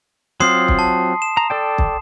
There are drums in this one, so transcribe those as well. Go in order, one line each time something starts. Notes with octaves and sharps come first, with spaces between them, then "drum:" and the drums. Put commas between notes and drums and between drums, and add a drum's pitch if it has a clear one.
F#3 C4 F4 C6 D#6 C7
drum: kick
A5
E7
A#5
A4 D5 G5
drum: kick